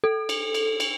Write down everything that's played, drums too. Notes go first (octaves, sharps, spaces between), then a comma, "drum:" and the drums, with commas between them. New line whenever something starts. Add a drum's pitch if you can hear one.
A4
drum: cymbal
drum: cymbal
drum: cymbal